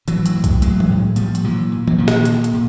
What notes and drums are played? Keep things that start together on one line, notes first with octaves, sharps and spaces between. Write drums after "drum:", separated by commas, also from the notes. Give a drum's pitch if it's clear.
A2 E3 F#3, drum: hi-hat
drum: hi-hat
A2
drum: kick, hi-hat
A2 F#3 G#3, drum: hi-hat
drum: tom E3
A2
A#2 F3 G3, drum: hi-hat
drum: hi-hat
A#2 E3 F#3
A#2
F#3, drum: tom E3
A#2 D#3 F3
drum: snare
A#2, drum: hi-hat
drum: hi-hat
A#2